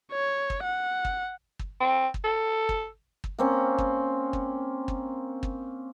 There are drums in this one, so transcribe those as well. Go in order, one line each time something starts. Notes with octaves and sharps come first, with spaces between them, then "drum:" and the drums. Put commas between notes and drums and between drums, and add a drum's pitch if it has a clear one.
C#5
drum: kick
F#5
drum: kick
drum: kick
C4
drum: kick
A4
drum: kick
drum: kick
A#3 C4 C#4
drum: kick
drum: kick
drum: kick
drum: kick